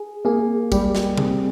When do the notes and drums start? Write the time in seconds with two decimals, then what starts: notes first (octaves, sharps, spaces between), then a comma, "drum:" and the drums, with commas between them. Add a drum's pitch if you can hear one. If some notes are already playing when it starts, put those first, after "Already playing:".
Already playing: G#4
0.25 A#3 G#4
0.72 G3 G4, drum: kick, tambourine
0.95 drum: snare
1.17 C4 G#4, drum: tom C3